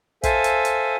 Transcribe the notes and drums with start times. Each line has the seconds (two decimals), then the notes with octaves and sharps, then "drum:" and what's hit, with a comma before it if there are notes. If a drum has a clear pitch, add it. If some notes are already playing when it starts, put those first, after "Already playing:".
0.23 A4 C5 E5 F5 G#5, drum: kick, hi-hat
0.44 drum: hi-hat
0.65 drum: hi-hat